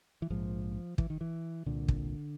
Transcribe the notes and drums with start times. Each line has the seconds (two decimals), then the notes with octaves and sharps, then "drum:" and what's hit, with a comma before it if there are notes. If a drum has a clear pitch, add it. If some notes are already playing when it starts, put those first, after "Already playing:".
0.22 E3
0.30 A#1 G#2 F3
0.98 E3, drum: kick
1.10 D#3
1.21 E3
1.66 C2 A#2 D3
1.88 drum: kick